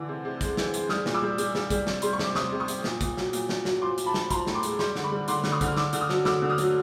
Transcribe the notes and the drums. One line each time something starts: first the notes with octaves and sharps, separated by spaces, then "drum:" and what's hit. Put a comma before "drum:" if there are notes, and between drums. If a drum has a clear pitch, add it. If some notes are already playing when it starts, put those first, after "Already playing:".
Already playing: D3 E3
C3
C3
G#3, drum: kick, hi-hat
E3, drum: snare
G#3, drum: hi-hat
G3 D#6 F6, drum: snare
A#2, drum: snare
D6 E6
G3
G3, drum: hi-hat
G3, drum: snare
G3, drum: kick, hi-hat
C3, drum: snare
G3 C6, drum: hi-hat
C#6
C3 D6, drum: snare
C3 C#6 D#6, drum: snare
C3
C#6 D#6
C3, drum: hi-hat
A#2, drum: snare
A#2, drum: kick, hi-hat
F#3, drum: snare
A#2, drum: hi-hat
A#2, drum: snare
F#3, drum: snare
F3 C6 D6
F3, drum: hi-hat
A5 B5
F3, drum: snare
F3 A#5 C6, drum: kick, hi-hat
A2, drum: snare
C6 D6
G#3, drum: hi-hat
G3 C6 D6, drum: snare
D3, drum: snare
B5 C#6
G3
D3 C6 D6, drum: hi-hat
D3, drum: snare
C#6 D#6
D3, drum: kick, hi-hat
F6
D3 D6 E6, drum: snare
D3, drum: hi-hat
D#6 F6
F#3, drum: snare
D3 D6 E6, drum: snare
D3
D#6 F6
F#3, drum: hi-hat